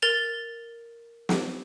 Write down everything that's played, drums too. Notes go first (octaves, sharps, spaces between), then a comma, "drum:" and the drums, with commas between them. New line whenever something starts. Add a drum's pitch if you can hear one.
A#4 A6 F7
drum: snare